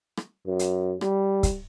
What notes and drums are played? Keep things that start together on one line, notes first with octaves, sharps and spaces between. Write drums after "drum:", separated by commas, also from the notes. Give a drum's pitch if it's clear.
drum: rim click
F#2
drum: hi-hat
G3, drum: rim click
drum: kick, hi-hat